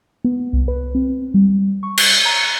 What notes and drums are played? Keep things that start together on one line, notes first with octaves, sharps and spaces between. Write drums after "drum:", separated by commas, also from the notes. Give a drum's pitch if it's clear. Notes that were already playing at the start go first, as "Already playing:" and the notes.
B3
C2
B4
C4
G3
C#6
drum: cymbal
A#5